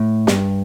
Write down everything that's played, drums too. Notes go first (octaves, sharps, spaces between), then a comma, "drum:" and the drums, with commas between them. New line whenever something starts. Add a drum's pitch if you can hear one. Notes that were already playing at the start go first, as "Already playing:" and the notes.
Already playing: A2
G2, drum: snare